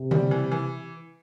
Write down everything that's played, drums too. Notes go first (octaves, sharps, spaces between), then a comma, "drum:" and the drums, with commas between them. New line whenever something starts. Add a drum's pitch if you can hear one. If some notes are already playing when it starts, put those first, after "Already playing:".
Already playing: C3
G3, drum: tom C#3
E3
E3